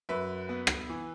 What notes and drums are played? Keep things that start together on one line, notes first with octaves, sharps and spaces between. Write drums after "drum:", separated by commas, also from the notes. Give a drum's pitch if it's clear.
F#2 B4 E5
B3
drum: rim click
E3